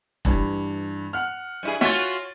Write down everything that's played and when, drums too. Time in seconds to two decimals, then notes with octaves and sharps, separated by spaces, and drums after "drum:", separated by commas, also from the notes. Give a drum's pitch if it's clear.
0.25 G2 E3, drum: kick E1
1.13 F#5 F6
1.63 G2 E4 G#4
1.81 F4 F#4 C#5 E5 A6, drum: snare